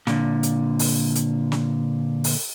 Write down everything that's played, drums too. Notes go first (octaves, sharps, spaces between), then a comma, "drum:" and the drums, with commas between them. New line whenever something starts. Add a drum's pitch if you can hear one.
A#2 D3, drum: snare
drum: hi-hat
drum: open hi-hat
drum: hi-hat
drum: snare
drum: open hi-hat